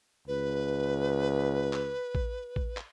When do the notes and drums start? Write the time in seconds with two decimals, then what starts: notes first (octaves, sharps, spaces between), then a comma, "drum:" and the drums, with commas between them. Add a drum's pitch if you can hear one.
0.28 C#2 B4
1.73 drum: clap
2.15 drum: kick A1
2.56 drum: kick A1
2.77 drum: clap